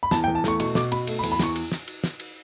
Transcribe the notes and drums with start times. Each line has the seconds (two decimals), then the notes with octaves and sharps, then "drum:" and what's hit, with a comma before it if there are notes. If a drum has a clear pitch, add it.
0.03 B5
0.11 E2 A5, drum: snare
0.24 G5
0.28 E2
0.35 A5
0.44 A3 C#6, drum: snare
0.60 B2 C#6, drum: cymbal
0.75 B2 D6, drum: snare
0.92 B2 B5, drum: cymbal
1.07 A3, drum: cymbal
1.19 B5
1.23 E2, drum: cymbal
1.32 B5
1.39 E2 C#6, drum: snare
1.56 drum: cymbal
1.72 drum: snare
1.88 drum: cymbal
2.04 drum: snare
2.20 drum: cymbal